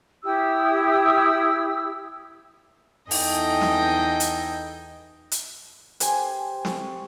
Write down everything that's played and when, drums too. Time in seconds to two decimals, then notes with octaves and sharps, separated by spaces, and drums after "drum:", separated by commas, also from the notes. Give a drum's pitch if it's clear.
0.23 E4 G4 D#6 E6
3.11 E2 D#4 A4 D#5 G5 G#5, drum: open hi-hat
3.61 drum: snare
4.20 drum: hi-hat
5.32 drum: hi-hat
6.00 G4 C5 G#5, drum: hi-hat
6.65 C#6, drum: snare